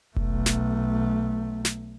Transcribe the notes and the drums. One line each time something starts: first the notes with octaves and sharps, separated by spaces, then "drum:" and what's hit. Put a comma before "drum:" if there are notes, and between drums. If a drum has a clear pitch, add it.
B1 A3, drum: kick F1
drum: snare
drum: snare